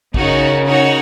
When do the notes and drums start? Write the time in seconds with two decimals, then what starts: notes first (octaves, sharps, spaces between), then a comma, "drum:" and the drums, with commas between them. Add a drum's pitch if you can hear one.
0.14 C#3 D#4 F#4 A#4, drum: kick A1
0.66 D#4 F#4 A#4 C#5 F#5